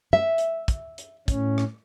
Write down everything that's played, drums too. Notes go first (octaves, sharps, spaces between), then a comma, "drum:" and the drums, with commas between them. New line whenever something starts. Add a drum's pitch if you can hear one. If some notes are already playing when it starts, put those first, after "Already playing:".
E5
drum: hi-hat
drum: kick, hi-hat
drum: hi-hat
A2 C#4, drum: kick, hi-hat
drum: rim click